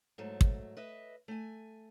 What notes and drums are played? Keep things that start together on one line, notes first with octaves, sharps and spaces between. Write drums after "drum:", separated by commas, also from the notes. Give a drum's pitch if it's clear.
G#2 F#3 A3
drum: kick
B4 D#5 E5
A3 G#5